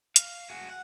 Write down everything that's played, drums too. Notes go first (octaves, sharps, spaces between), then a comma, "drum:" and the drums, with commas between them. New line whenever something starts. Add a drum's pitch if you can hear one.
F5, drum: hi-hat
F#4 G#4
F#5